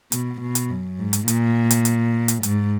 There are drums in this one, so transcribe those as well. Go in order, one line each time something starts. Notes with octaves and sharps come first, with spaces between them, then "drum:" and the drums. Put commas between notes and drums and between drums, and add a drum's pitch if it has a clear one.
B2, drum: hi-hat
B2
drum: hi-hat
F#2
G#2
drum: hi-hat
A#2, drum: hi-hat
drum: hi-hat
drum: hi-hat
drum: hi-hat
G#2, drum: hi-hat